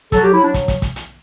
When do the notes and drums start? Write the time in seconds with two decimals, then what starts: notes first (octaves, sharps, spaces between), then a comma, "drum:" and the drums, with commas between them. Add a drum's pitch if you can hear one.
0.12 F#3 A4, drum: kick, hi-hat
0.23 G4
0.34 F#3 E4
0.44 D4
0.54 drum: kick, hi-hat
0.68 drum: kick, hi-hat
0.82 drum: kick, hi-hat
0.96 drum: hi-hat